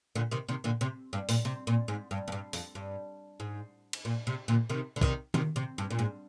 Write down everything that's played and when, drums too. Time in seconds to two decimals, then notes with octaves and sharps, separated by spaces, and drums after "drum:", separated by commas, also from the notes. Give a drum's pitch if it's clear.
0.15 A#2 D3
0.31 C3 D#3
0.49 C3 D#3
0.64 A#2 D3
0.81 C3
1.13 G2
1.29 A#2, drum: open hi-hat
1.45 C3
1.67 A#2
1.88 G#2
2.11 G2
2.28 F2
2.32 G2
2.53 F2, drum: open hi-hat
2.75 G2
3.40 G#2
3.93 drum: cymbal
4.05 A#2
4.27 C3
4.48 A#2 D3
4.69 C3 D#3
4.96 D3
5.01 C3 D#3, drum: kick
5.34 C3 D#3, drum: tom D#3
5.56 C3
5.78 G2
5.90 A#2
5.99 G#2